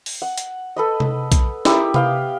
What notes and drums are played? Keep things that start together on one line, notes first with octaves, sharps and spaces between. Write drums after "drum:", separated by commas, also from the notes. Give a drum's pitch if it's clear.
drum: open hi-hat
F#5
drum: hi-hat
A4 B4 D#5
drum: tom C3
drum: kick, hi-hat
E4 G4 A#4 D#6, drum: snare
B3 F5 G5, drum: tom C3